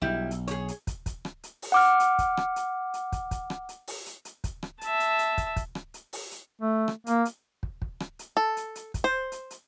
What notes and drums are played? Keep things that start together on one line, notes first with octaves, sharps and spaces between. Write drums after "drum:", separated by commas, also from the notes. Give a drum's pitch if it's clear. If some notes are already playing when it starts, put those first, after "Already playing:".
B1 G3 E4
drum: hi-hat
G#4 C#5, drum: hi-hat
drum: hi-hat
drum: kick, hi-hat
drum: kick, hi-hat
drum: rim click
drum: hi-hat
drum: open hi-hat
F#5 D6 F6
drum: hi-hat
drum: kick, hi-hat
drum: rim click
drum: hi-hat
drum: hi-hat
drum: kick, hi-hat
drum: kick, hi-hat
drum: rim click
drum: hi-hat
drum: open hi-hat
drum: hi-hat
drum: hi-hat
drum: kick, hi-hat
drum: rim click
E5 A5, drum: hi-hat
drum: hi-hat
drum: hi-hat
drum: kick, hi-hat
drum: kick, hi-hat
drum: rim click
drum: hi-hat
drum: open hi-hat
drum: hi-hat
A3
drum: rim click
A#3, drum: hi-hat
drum: hi-hat
drum: kick
drum: kick
drum: rim click
drum: hi-hat
A4
drum: hi-hat
drum: hi-hat
drum: kick, hi-hat
C5
drum: hi-hat
drum: hi-hat